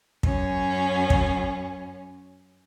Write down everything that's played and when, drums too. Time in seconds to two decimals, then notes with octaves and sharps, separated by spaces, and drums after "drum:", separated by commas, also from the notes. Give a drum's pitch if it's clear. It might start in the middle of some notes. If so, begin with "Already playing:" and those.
0.23 F#2 C#4, drum: kick
1.10 drum: kick